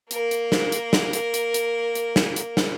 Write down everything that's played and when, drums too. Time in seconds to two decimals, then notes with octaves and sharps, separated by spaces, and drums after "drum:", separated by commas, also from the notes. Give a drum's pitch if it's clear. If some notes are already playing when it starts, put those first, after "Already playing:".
0.11 A#3 A#4, drum: hi-hat
0.31 drum: hi-hat
0.52 drum: snare
0.72 drum: hi-hat
0.93 drum: snare
1.13 drum: hi-hat
1.34 drum: hi-hat
1.54 drum: hi-hat
1.95 drum: hi-hat
2.16 drum: snare
2.36 drum: hi-hat
2.57 drum: snare